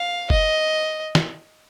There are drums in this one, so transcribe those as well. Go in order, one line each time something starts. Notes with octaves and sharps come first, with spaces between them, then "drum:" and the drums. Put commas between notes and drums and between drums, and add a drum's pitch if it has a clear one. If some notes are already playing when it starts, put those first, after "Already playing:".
Already playing: F5
D#5, drum: kick F#1
drum: snare